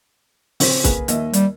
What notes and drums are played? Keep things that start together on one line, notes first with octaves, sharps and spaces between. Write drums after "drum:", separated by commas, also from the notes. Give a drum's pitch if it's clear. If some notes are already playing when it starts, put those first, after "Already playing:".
C#3 C4 C#4, drum: open hi-hat
A#3 G#4 B4, drum: kick, hi-hat
D#2 D#5 E5, drum: hi-hat
G3, drum: hi-hat